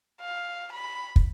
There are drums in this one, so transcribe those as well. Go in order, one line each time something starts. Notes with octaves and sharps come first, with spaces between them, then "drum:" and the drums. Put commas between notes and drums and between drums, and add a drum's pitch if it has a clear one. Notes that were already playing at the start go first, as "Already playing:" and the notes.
F5
B5
drum: kick